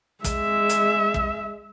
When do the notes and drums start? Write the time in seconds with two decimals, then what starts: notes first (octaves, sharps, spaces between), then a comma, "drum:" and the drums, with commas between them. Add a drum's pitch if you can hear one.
0.24 G#3 E5, drum: kick, hi-hat
0.69 drum: hi-hat
1.14 drum: kick